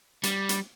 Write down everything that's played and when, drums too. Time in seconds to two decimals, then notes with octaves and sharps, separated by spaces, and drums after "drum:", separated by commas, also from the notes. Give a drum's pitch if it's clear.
0.23 G3, drum: hi-hat
0.49 drum: hi-hat